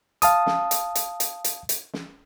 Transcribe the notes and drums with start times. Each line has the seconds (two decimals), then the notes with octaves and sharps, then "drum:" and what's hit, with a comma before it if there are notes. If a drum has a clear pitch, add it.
0.22 F5 A5 D#6, drum: hi-hat
0.46 drum: snare
0.71 drum: hi-hat
0.95 drum: hi-hat
1.20 drum: hi-hat
1.44 drum: hi-hat
1.69 drum: hi-hat
1.93 drum: snare